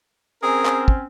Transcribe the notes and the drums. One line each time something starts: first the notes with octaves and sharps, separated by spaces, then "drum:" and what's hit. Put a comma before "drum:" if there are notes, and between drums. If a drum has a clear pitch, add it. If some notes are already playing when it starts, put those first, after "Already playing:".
C4 C#4 G#4 A#4
drum: clap
drum: kick